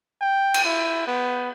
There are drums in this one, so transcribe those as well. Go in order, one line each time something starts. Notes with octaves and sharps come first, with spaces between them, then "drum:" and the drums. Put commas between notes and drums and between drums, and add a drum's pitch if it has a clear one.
G5
drum: cymbal
E4
B3